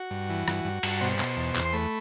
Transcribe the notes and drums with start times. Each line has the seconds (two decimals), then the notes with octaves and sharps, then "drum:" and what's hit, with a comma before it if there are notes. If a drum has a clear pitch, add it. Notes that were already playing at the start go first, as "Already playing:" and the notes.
Already playing: F#4
0.11 G2
0.30 E3
0.48 G2, drum: rim click
0.65 G2
0.83 G2, drum: cymbal
1.01 B2 C5
1.19 B2, drum: clap
1.36 E2
1.56 E2, drum: clap
1.65 C6
1.73 A3 B5